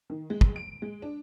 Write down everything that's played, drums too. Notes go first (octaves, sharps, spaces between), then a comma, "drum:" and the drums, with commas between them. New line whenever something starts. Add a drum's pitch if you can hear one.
D#3
G#3
drum: kick
D7
G#3
D4